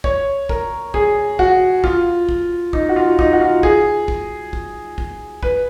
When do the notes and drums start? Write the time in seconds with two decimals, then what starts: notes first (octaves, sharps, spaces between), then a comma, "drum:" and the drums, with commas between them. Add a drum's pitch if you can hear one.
0.04 C#5, drum: kick
0.49 A#4, drum: kick
0.94 G#4, drum: kick
1.39 F#4, drum: kick
1.84 F4, drum: kick
2.29 drum: kick
2.73 D#4, drum: kick
2.89 F#4
2.96 F4
3.19 D#4, drum: kick
3.33 F#4
3.41 F4
3.63 G#4, drum: kick
4.08 drum: kick
4.53 drum: kick
4.98 drum: kick
5.43 B4, drum: kick